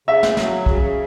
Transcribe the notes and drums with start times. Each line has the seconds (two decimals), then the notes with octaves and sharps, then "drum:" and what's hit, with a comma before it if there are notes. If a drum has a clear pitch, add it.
0.08 C#3 E5
0.23 drum: snare
0.37 F#3, drum: snare
0.66 C#3, drum: kick